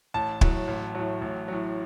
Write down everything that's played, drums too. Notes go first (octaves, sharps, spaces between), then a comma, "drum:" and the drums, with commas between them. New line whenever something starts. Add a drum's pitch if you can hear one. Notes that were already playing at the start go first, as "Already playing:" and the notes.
A1 A5
A2 F#3, drum: kick
A1
A2 F#3
A1
A2 F#3